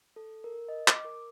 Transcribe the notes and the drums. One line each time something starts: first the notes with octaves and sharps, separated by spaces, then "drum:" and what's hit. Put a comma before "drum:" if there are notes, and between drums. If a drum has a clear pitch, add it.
A4
A#4
D#5
D6, drum: clap
A#4